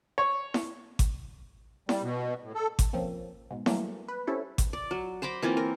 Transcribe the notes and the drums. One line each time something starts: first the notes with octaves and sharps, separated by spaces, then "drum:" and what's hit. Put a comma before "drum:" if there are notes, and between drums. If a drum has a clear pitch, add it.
C#5
drum: snare E4
drum: kick G#1, hi-hat
G3, drum: snare E4
B2
A2
A4
drum: kick G#1, hi-hat
F3 A#3 C4 C#4
G#2 B2
E3 F#3 G3 A3 A#3, drum: snare E4
B4
C4 C#4 E4 G4 A4
drum: kick G#1, hi-hat
D5
F#3
C5 A#5 B5 D6
E3 A#3 C4 F4
A#4